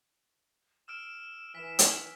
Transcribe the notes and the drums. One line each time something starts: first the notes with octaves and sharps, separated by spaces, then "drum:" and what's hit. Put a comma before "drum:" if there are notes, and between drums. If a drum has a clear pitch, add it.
E6 F6 D7 E7
E3 B4 G#5 B6 E7
drum: hi-hat